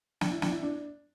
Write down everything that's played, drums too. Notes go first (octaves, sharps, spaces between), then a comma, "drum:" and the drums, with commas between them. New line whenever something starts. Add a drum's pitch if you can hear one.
D4, drum: snare
E4
D4, drum: snare
E4
D4